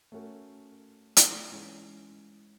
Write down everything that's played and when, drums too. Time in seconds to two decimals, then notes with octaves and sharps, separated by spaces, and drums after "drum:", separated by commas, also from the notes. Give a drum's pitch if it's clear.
0.12 A3 C#4 F#4 A#4
1.17 drum: hi-hat
1.52 E3 G#3 C#4